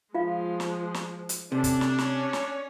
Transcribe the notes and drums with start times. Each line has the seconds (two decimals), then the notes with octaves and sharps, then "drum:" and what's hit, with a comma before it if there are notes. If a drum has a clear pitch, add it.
0.14 F3 G#3 F4 F5
0.60 drum: snare
0.94 drum: snare
1.29 drum: hi-hat
1.52 C3 C#4 D4 A4
1.64 drum: kick, hi-hat
1.81 drum: snare
1.98 C#4 C#5, drum: snare
2.33 drum: snare